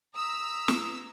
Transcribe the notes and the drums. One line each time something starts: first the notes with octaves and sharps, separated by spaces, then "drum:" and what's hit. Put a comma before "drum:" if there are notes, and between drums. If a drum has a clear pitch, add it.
A#5 D#6 E6 B6
drum: snare